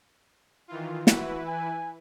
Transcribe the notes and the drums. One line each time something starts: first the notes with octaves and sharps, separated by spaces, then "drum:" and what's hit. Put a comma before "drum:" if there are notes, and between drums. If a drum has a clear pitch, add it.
D#3 E3 F4
E3 E4 F#4 B4, drum: snare
G#5